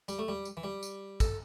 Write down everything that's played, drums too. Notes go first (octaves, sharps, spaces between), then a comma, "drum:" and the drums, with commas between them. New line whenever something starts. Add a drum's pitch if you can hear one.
G3, drum: tambourine
A3
G3
drum: tambourine
E3
G3
drum: tambourine
A4, drum: kick, tambourine